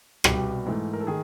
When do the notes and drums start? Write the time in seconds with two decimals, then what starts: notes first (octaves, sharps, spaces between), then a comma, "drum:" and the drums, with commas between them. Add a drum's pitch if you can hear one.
0.24 C2 B2 G3 G4, drum: rim click
0.66 G#2 E3 A3
0.93 A#4
1.00 A4
1.07 D#3 G#4